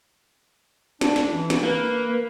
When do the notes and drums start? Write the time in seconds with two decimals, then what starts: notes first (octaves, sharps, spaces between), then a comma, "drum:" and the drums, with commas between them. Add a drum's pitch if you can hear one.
1.01 D4, drum: snare
1.16 drum: snare
1.29 E3
1.50 drum: snare
1.63 A#3 B4